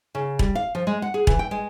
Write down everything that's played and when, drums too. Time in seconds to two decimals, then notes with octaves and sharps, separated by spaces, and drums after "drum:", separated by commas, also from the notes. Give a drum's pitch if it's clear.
0.15 C#3
0.39 G3, drum: kick E1
0.55 F5
0.75 F3
0.87 G#3
1.02 F#5
1.14 G#4
1.27 E3, drum: kick E1
1.39 G5
1.51 G#3